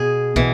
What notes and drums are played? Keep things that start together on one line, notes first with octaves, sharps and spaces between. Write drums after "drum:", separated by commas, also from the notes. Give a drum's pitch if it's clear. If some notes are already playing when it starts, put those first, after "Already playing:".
Already playing: B2 G#4
B2 E3, drum: kick